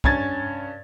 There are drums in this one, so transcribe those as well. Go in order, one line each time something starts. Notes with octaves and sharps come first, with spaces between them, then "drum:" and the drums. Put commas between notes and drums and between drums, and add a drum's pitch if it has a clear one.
G2 C#4 G#6 A6, drum: kick